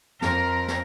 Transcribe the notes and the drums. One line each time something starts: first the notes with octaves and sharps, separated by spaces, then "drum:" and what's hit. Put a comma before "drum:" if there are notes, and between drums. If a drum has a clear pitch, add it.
F2 A#4, drum: snare
drum: snare